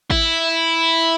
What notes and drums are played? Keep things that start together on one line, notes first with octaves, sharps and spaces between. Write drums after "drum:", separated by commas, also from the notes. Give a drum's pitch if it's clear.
E4, drum: kick G#1